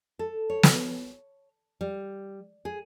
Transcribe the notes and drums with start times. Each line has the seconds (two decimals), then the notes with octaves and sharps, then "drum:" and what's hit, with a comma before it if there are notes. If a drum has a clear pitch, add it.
0.19 A4
0.50 C#5
0.63 drum: snare
1.81 G3
2.65 G#4